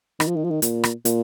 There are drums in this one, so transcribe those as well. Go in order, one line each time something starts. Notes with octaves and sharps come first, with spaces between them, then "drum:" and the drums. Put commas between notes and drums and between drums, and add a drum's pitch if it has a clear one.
D#3, drum: rim click
F3
D#3
F3
D#3
A#2, drum: hi-hat
drum: rim click
A#2, drum: hi-hat